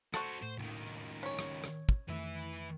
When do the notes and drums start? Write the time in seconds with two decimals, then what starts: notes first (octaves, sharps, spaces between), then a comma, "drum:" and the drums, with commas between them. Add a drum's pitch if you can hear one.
0.14 F#4 A4 C5 F#5 C#6, drum: rim click
0.43 A2 C5
0.58 C#2 D#3
1.23 C#4 C#5
1.39 drum: rim click
1.64 drum: rim click
1.89 drum: kick
2.09 F2 D#3 E3 A3 E5